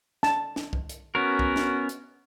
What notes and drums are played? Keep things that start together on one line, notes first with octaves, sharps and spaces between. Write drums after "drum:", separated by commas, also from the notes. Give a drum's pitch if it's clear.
A5, drum: snare
drum: snare
drum: kick B1
drum: hi-hat
B3 C#4 F#4 A#4
drum: kick B1
drum: snare
drum: hi-hat